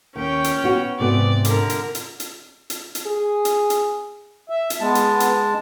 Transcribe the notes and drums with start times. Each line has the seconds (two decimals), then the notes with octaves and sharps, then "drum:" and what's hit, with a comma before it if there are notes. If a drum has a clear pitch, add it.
0.16 D#2 C#4 G5
0.44 drum: hi-hat
0.64 B3 F#4
1.00 G#2 C3 B3 D5
1.45 D3 A#4, drum: hi-hat
1.70 drum: hi-hat
1.95 drum: hi-hat
2.20 drum: hi-hat
2.70 drum: hi-hat
2.95 drum: hi-hat
3.06 G#4
3.45 drum: hi-hat
3.70 drum: hi-hat
4.50 E5
4.70 drum: hi-hat
4.80 G#3 B3 A5
4.95 drum: hi-hat
5.20 drum: hi-hat